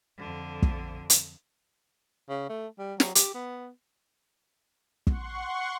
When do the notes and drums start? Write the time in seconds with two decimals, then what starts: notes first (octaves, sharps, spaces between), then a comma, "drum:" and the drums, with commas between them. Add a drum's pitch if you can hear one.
0.18 F2 D3
0.62 drum: kick
1.10 drum: hi-hat
2.29 C#3
2.49 A3
2.79 G3
3.00 F#3, drum: snare
3.15 G4, drum: hi-hat
3.34 B3
5.07 F#5 C6 C#6, drum: kick